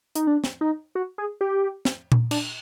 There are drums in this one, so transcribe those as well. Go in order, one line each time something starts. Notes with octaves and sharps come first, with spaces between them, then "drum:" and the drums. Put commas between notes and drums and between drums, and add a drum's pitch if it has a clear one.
D#4, drum: hi-hat
D4
drum: snare
D#4
F#4
G#4
G4
drum: snare
drum: tom A#2
D4, drum: cymbal